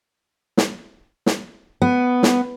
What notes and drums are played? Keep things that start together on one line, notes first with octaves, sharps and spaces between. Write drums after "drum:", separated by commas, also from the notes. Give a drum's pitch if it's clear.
drum: snare
drum: snare
B3
drum: snare